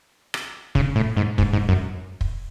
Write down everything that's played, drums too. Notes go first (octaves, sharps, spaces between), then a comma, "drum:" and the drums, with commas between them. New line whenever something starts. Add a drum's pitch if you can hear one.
drum: rim click
C#3, drum: kick
A2
G#2
G#2, drum: kick
G#2
F#2
drum: kick